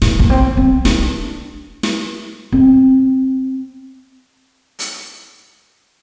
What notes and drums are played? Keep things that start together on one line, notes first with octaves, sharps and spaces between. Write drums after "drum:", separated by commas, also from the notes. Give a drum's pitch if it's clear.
A#2, drum: snare
A#3, drum: kick
C4
C4
D4, drum: snare
drum: snare
C4
drum: hi-hat